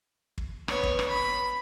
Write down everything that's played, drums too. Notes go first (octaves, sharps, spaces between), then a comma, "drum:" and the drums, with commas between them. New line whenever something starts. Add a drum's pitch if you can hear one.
drum: kick
B3 C#5, drum: rim click
drum: kick
drum: rim click
B5